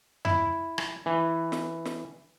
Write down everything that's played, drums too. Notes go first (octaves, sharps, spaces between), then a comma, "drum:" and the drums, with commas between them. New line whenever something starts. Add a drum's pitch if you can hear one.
E4, drum: tom F2
drum: rim click
E3
drum: snare
drum: snare